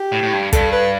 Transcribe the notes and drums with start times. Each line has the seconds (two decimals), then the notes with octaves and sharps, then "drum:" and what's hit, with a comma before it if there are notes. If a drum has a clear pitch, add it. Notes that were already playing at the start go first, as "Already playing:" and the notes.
Already playing: G4
0.12 A2
0.23 A2
0.33 G2
0.53 G2 A4, drum: kick, hi-hat
0.72 B4